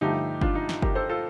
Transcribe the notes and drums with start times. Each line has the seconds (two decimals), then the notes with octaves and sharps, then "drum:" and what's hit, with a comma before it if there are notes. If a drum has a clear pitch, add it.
0.01 G2 D3 F3 A3 D#4 G4
0.41 D4 F4, drum: kick F#1
0.55 D#4
0.69 drum: snare
0.82 G4 A#4, drum: kick F#1
0.95 A4 C5
1.09 F4 A4